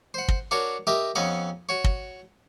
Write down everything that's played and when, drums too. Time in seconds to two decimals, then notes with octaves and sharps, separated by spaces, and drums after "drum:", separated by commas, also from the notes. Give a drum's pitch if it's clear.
0.14 C5 F#5
0.28 drum: kick
0.51 D4 F#4 A#4 C#5
0.87 G4 A#4 D#5 E5
1.15 F2 B3 C#4 D#5 G#5 A#5
1.69 F#4 C#5
1.84 drum: kick